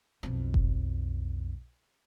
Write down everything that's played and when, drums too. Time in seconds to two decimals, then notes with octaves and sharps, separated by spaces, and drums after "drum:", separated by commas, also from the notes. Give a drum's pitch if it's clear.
0.23 B1 F2
0.54 drum: kick F#1